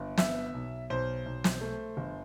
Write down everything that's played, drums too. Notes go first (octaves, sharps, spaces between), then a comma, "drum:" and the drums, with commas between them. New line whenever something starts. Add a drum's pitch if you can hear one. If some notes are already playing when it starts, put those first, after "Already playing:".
Already playing: G1
B3 E5, drum: snare
B1
B1 C5
B1
drum: snare
A3
G1